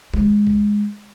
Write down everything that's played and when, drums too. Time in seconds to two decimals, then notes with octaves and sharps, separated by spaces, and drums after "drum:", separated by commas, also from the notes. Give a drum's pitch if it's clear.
0.14 G#3, drum: tom
0.47 drum: kick B1